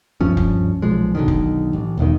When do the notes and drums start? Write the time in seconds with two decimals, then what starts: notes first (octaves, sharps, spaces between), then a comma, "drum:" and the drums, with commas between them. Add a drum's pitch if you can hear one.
0.21 D2 G2 F3 C#4
0.37 drum: kick F1
0.82 B1 A#2 F3 G#3
1.15 B1 D3 D#3
1.28 drum: kick F1
1.73 A1
1.97 E1 B1 B2 D#3